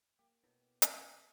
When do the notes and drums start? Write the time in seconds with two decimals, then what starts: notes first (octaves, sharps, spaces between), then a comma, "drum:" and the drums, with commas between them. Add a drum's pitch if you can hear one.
0.19 A#3 G4
0.43 B2 B3 E4 A4 C#5 D#5
0.82 G4, drum: hi-hat